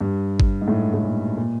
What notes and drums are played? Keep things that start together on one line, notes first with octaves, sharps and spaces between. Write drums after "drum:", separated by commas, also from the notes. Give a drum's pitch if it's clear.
G2
drum: kick G#1
G#2
A2
A2
A#2
A#2